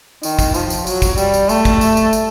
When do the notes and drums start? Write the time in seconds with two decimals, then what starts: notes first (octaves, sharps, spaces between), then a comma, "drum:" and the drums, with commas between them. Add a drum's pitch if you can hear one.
0.23 D#3, drum: tambourine
0.39 drum: kick, tambourine
0.54 F3, drum: tambourine
0.70 drum: tambourine
0.87 F#3, drum: tambourine
1.02 drum: kick, tambourine
1.18 G3, drum: tambourine
1.34 drum: tambourine
1.49 A3, drum: tambourine
1.65 drum: kick, tambourine
1.81 drum: tambourine
1.97 drum: tambourine
2.13 drum: tambourine